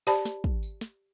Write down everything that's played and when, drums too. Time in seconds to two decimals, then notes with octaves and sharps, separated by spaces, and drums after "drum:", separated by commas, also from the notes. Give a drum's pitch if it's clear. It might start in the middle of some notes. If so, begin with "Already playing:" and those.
0.07 G4 C5 D5 A5 B5, drum: tambourine
0.25 drum: snare
0.44 drum: kick
0.63 drum: tambourine
0.81 drum: snare